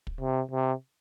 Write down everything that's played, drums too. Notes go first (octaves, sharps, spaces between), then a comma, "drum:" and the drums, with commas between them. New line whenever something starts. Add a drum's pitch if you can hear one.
drum: kick
C3
C3